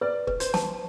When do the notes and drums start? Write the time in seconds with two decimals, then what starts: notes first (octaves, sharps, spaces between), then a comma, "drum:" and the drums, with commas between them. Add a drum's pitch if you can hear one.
0.01 B4 D5
0.27 B4, drum: kick
0.40 C5, drum: hi-hat
0.54 A5, drum: snare